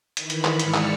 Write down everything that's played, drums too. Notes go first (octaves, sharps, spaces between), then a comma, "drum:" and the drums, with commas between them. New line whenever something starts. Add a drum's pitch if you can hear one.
D#3 E3 B5, drum: hi-hat
drum: hi-hat
drum: clap
G#2 G#3 D5 E6 F6 C#7, drum: hi-hat
drum: clap